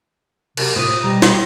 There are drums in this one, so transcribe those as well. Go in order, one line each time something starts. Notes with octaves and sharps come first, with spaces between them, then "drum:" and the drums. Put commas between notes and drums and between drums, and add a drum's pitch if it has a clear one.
F#2 C3, drum: cymbal
A2 F4 C5 D#6
B2 G3 G4 A#5
drum: snare